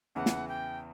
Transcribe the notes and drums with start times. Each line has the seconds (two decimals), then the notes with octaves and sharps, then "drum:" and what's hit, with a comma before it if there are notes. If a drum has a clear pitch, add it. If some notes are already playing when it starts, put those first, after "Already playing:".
0.15 E2 C#3 E3 F#5
0.26 drum: snare
0.48 G5